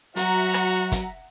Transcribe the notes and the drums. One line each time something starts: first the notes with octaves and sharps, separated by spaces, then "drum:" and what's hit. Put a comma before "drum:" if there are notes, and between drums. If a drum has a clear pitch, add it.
F#3 F#4 E5 F#5 A#5, drum: hi-hat
drum: rim click
drum: kick, hi-hat